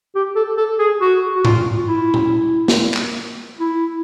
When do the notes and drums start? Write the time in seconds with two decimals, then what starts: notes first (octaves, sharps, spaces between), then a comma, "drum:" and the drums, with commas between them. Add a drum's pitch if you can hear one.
0.15 G4
0.36 A4
0.57 A4
0.79 G#4
1.01 F#4
1.35 F#4
1.45 F4, drum: tom G#2
1.87 E4
2.14 drum: tom A#2
2.68 drum: snare
2.94 drum: clap
3.60 E4